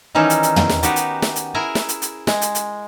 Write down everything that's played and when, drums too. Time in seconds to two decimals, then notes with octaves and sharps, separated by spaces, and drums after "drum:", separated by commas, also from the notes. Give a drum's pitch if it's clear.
0.15 D#3 E3 G3 C#4 D#4 E4
0.30 drum: hi-hat
0.43 drum: hi-hat
0.56 drum: tom
0.69 drum: snare
0.83 B3 D#4 F#4 G4, drum: hi-hat
0.96 drum: hi-hat
1.22 drum: snare
1.36 drum: hi-hat
1.54 E4 G#4 A#4 G#5 A#5
1.75 drum: snare
1.89 drum: hi-hat
2.02 drum: hi-hat
2.27 G#3, drum: snare
2.41 drum: hi-hat
2.55 drum: hi-hat